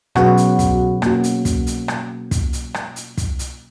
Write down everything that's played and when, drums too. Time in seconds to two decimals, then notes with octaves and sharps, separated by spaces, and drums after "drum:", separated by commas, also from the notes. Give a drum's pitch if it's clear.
0.15 B2 F#3 C#4 F#4 G#4 B4, drum: rim click
0.37 drum: hi-hat
0.59 drum: kick, hi-hat
1.02 A#3 C#4 F#4, drum: rim click
1.24 drum: hi-hat
1.45 drum: kick, hi-hat
1.67 drum: hi-hat
1.88 drum: rim click
2.31 drum: kick, hi-hat
2.53 drum: hi-hat
2.74 drum: rim click
2.96 drum: hi-hat
3.18 drum: kick, hi-hat
3.39 drum: hi-hat